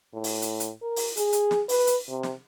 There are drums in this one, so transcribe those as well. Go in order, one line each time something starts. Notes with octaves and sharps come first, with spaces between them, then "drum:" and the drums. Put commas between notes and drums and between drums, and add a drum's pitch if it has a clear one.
A2
drum: open hi-hat
drum: hi-hat
drum: hi-hat
A#4
drum: open hi-hat
G#4, drum: hi-hat
drum: hi-hat
drum: snare
B4, drum: open hi-hat
drum: hi-hat
C3
drum: snare